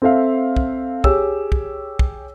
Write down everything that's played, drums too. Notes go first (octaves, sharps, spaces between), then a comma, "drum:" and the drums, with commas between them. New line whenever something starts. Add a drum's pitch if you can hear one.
C4 A4 E5 F5
drum: kick
G4 G#4 C#5 E6, drum: kick
drum: kick
drum: kick